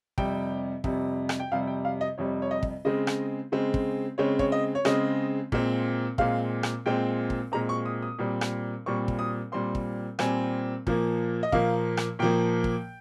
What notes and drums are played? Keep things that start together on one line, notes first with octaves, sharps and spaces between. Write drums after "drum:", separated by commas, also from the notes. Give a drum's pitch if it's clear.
F2 C3 G3 G5, drum: kick
F2 C3 G3, drum: kick
drum: rim click
G5
F2 C3 G3 F5
G5
F5
D#5
F2 C3 G3 C#5
C#5
D#5
drum: kick
C#3 G#3 C4 D#5
drum: rim click
C#3 G#3 C4
drum: kick
C#3 G#3 C4 C#5
C#5, drum: kick
D#5
C#5
C#3 G#3 C4 D#5, drum: rim click
A#2 G#3 C4, drum: kick
A#2 G#3 C4 F5, drum: kick
drum: rim click
A#2 G#3 C4 G5
drum: kick
A#2 G#3 C4 A#5
C#6
D#6
D#6
A#2 G3 C4
drum: rim click
A#2 G3 C4 C#6
drum: kick
D#6
A#2 G3 C4 C6
drum: kick
A#2 G3 C4 G#5, drum: rim click
A#2 F3 A#3, drum: kick
D#5
A#2 F3 A#3 F5, drum: kick
drum: rim click
A#2 F3 A#3 G5
drum: kick